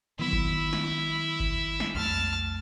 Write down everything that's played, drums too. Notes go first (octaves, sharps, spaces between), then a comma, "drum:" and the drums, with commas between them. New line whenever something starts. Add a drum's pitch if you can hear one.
D#3 F#3 B3 E4
drum: kick G1
drum: snare
drum: kick G1
drum: snare
B1 F2 A3 A5 F6